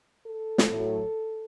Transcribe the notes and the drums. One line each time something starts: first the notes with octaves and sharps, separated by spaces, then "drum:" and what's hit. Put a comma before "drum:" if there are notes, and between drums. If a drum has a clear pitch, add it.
A4
drum: snare
A2 F#3